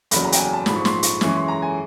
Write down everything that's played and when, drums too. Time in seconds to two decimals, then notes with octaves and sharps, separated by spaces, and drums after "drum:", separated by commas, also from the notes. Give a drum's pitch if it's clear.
0.11 F#1 E2 C#3 F#3 B5, drum: hi-hat
0.25 A#5
0.32 G5, drum: hi-hat
0.38 G#5
0.53 A5
0.66 A#1 G#2 F3 B5, drum: snare
0.76 C#6
0.85 C6, drum: snare
1.03 C#6, drum: hi-hat
1.21 F#2 C#3 E3 G#3 C#4 C#6, drum: snare
1.35 C6
1.48 A#5
1.62 G#5